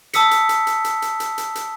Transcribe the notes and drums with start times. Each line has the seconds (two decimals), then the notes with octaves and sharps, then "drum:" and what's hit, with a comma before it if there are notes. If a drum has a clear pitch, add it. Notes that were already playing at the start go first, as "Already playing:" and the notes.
0.14 A5 D#6 E6 B6 C#7, drum: hi-hat
0.31 drum: hi-hat
0.49 drum: hi-hat
0.67 drum: hi-hat
0.84 drum: hi-hat
1.02 drum: hi-hat
1.20 drum: hi-hat
1.38 drum: hi-hat
1.55 drum: hi-hat